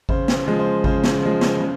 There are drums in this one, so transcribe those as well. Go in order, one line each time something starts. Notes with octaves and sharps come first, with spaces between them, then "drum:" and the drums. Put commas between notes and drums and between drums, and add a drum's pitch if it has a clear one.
C#3 C5, drum: kick G#1
drum: snare
F3 G#3
C5
C#3 C5, drum: kick G#1
drum: snare
F3 G#3
drum: snare
C#3